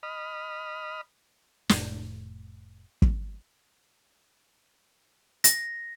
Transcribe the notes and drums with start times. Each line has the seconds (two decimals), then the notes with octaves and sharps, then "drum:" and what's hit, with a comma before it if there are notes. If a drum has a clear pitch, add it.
0.03 D#5 B5 D#6 F6
1.69 F1 A2, drum: snare
3.02 drum: kick
5.44 A#6, drum: hi-hat